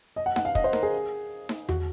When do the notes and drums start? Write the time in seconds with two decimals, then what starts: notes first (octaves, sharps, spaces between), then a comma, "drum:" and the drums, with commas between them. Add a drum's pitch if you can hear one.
0.16 D#5
0.26 F#5
0.36 F#5, drum: snare D#4
0.45 F5
0.55 D#5, drum: kick
0.64 C5
0.73 A#4, drum: snare D#4
0.83 G#4
1.49 drum: snare D#4
1.69 F#4, drum: tom E2